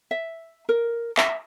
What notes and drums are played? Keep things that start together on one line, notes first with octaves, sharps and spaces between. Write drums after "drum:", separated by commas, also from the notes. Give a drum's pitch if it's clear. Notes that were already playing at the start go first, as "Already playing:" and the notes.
E5
A#4
E5, drum: clap